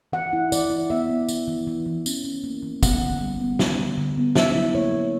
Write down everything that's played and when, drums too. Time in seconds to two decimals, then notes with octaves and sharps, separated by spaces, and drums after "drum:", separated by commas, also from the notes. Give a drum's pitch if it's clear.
0.13 E3 F#5
0.33 E4
0.52 E3 D5, drum: tambourine
0.70 E4
0.90 B3 E5
1.10 B3
1.28 E3, drum: tambourine
1.48 E3
1.67 E3
1.86 E3
2.06 C#4, drum: tambourine
2.25 C#4
2.44 A#3
2.62 E3
2.83 B3 F#5, drum: kick, tambourine
3.02 D3
3.20 G3
3.41 B3
3.59 G3, drum: snare
3.78 D3
3.98 D3
4.17 B3
4.35 F#3 E5, drum: snare
4.56 E4
4.75 A#3 C#5
4.93 A#3